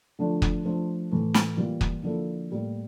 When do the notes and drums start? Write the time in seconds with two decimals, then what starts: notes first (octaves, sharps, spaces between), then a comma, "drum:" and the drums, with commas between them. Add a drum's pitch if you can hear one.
0.19 D3 F3 A3 D4
0.42 drum: kick
0.65 F3 A3 D4 A4 C5
1.11 A2 E3 A3
1.34 drum: snare
1.57 E3 G3 A#3 F4
1.81 drum: kick
2.03 D3 F3 A#3 E4 A4
2.51 A2 G3 A#3